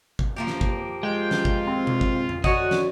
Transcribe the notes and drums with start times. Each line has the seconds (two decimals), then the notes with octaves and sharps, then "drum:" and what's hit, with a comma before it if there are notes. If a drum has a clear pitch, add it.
0.19 drum: kick
0.36 F3 A#3 G4
0.47 drum: snare
0.61 drum: kick
1.03 G#3 F4 G5
1.31 drum: snare
1.45 drum: kick
1.67 C4
1.87 drum: tom B2
2.01 drum: kick
2.29 drum: tom F2
2.44 D3 F#4 C#5 D#5 F#5, drum: kick
2.71 drum: snare